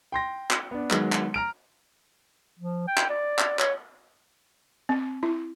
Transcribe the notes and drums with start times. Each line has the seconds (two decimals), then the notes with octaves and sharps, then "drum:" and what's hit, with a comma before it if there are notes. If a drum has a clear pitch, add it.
0.12 G5 C6 A#6
0.51 drum: clap
0.71 B3 D4
0.90 D#3 F#3 G#3 B3, drum: clap
1.12 drum: clap
1.34 A#5 F6 D7
2.59 F3
2.88 G5
2.98 drum: clap
3.10 D5
3.39 drum: clap
3.59 C#5, drum: clap
4.89 C4
5.23 E4